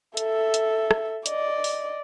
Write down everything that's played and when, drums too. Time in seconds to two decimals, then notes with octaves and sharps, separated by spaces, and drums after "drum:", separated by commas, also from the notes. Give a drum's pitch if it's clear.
0.17 A4 E5, drum: hi-hat
0.54 drum: hi-hat
0.91 drum: rim click
1.26 D5 D#5, drum: hi-hat
1.64 drum: open hi-hat